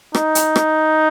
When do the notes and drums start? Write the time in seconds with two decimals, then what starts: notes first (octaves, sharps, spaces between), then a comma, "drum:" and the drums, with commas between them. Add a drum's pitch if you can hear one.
0.15 D#4, drum: rim click
0.35 drum: hi-hat
0.56 drum: rim click